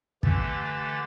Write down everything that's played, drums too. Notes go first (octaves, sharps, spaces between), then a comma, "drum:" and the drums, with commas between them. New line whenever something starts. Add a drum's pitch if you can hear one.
D3 E3 A3 G4 A6, drum: kick